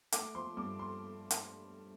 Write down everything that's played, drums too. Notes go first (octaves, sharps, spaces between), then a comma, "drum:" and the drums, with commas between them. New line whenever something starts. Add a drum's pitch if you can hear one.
A3 D6, drum: hi-hat
F3 C6
G2 D6
C6
drum: hi-hat